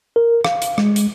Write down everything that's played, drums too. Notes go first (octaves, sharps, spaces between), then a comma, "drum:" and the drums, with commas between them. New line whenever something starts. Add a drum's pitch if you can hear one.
A#4
F5, drum: rim click
drum: hi-hat
G#3, drum: rim click
drum: hi-hat